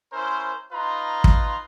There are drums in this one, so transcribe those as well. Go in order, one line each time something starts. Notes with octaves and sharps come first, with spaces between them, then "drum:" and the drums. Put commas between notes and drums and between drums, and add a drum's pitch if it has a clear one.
C#4 E4 A#4 C5
D#4 F4 B4 A#5 C6
drum: kick